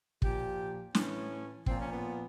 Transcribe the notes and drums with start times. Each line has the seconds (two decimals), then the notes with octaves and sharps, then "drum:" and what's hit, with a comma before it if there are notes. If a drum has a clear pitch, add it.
0.22 A#2 F3 G4, drum: kick
0.95 A2 E3 C#4, drum: snare
1.66 A#2 F3 C4, drum: kick
1.79 C#4
1.91 B3